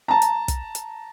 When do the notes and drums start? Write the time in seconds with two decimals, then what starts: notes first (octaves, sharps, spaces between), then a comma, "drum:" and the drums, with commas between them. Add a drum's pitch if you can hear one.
0.08 A5 A#5
0.22 drum: hi-hat
0.48 drum: kick, hi-hat
0.75 drum: hi-hat